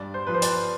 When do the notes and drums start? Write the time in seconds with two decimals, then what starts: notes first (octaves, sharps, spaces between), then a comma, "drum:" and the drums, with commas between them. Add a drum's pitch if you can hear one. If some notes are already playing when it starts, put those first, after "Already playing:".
Already playing: G2 D5
0.14 C5
0.27 F3 B4
0.34 C5
0.42 D5, drum: hi-hat